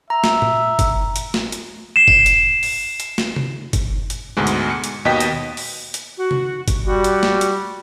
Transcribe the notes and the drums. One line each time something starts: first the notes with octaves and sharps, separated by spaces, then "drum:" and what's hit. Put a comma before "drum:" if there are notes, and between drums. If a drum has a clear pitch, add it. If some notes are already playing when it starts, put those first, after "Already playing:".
E5 A#5
drum: snare
drum: tom A#2
drum: kick F#1, hi-hat
drum: hi-hat
drum: snare
drum: hi-hat
C7 E7
drum: kick F#1
drum: hi-hat
drum: open hi-hat
drum: hi-hat
drum: snare
drum: tom
drum: kick F#1, hi-hat
drum: hi-hat
D2 G#2 B2 G#3
drum: hi-hat
C#7
drum: hi-hat
D#2 B2 D#5 G5 B6
drum: hi-hat
drum: open hi-hat
drum: hi-hat
F#4
drum: tom
drum: kick F#1, hi-hat
G3 F#4
drum: hi-hat
drum: snare
drum: hi-hat